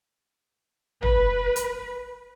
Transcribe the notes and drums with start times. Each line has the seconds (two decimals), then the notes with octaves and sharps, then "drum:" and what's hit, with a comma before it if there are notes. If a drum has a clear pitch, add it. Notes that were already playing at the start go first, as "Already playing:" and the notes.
1.03 B4, drum: tom
1.56 drum: hi-hat